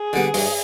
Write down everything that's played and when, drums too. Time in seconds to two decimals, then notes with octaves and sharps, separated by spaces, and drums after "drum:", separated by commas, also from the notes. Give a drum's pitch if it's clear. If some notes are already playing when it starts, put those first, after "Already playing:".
Already playing: G#4
0.13 D3 G3 B3
0.34 G2, drum: open hi-hat